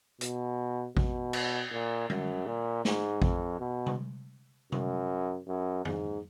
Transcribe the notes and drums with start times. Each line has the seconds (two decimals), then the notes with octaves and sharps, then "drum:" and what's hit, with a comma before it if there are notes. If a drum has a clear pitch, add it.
0.21 B2, drum: hi-hat
0.97 B2, drum: kick A1
1.33 drum: cymbal
1.72 A#2
2.10 F#2, drum: tom D3
2.46 A#2
2.85 G#2, drum: snare
3.22 F2, drum: kick A1
3.60 B2
3.86 drum: tom C3
4.72 F#2, drum: tom C3
5.47 F#2
5.85 G#2, drum: tom